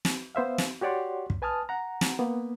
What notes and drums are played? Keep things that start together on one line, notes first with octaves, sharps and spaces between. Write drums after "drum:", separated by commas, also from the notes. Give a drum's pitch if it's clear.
drum: snare
B3 C5 E5 F5
drum: snare
F#4 G4 C#5 D5 F#5 C6
drum: kick
B4 G#5 A5 D#6 F6
F#5 A#5
drum: snare
A#3 B3